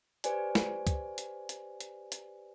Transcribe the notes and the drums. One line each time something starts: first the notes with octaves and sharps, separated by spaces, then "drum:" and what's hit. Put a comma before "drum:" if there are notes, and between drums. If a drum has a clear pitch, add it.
G4 B4 C5 D5 G#5, drum: hi-hat
drum: snare
drum: kick C#2, hi-hat
drum: hi-hat
drum: hi-hat
drum: hi-hat
drum: hi-hat